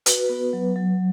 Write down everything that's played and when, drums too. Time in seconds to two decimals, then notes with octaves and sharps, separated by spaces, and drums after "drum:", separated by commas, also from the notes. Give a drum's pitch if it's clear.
0.06 F#4 B4, drum: hi-hat
0.29 B3
0.53 F#3
0.76 F#3